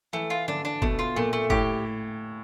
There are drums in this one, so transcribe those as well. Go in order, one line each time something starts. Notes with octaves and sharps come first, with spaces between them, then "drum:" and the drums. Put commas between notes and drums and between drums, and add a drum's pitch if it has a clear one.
E3 A3
F4
D3 D4
D4
B2 A3, drum: kick
F4
A#2 A3
A3
A2 G4, drum: kick